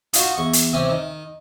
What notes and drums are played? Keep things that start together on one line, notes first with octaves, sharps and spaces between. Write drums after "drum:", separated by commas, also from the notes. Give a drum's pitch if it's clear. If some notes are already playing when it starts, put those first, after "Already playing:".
D#4 F4 F#4, drum: hi-hat
E2 C#6
drum: hi-hat
C3 E3 C4 C#4
D#3